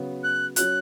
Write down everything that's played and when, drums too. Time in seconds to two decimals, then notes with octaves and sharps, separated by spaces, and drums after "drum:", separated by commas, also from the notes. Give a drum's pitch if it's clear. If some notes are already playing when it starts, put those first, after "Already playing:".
Already playing: C#3 F#3 B3
0.24 F#6
0.56 F#3 C#4 F#4 F#6, drum: hi-hat